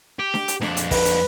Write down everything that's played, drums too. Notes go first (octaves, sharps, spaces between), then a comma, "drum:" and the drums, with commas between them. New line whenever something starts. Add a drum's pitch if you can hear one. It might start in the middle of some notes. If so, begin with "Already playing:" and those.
G4
drum: snare D4
drum: hi-hat
F2 D4, drum: snare D4
drum: hi-hat
B4, drum: kick, open hi-hat
drum: hi-hat